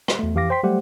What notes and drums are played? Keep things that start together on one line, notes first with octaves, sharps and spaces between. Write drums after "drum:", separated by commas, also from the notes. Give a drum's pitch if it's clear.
drum: rim click
E2 A3
F2 E3 G4 F5 D6 A#6
C5 G5 C6 B6
F#3 G3 A3 G4 C5 F#5